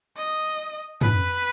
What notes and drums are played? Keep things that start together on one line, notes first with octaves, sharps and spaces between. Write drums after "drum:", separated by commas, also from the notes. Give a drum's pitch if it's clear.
D#5
B4, drum: tom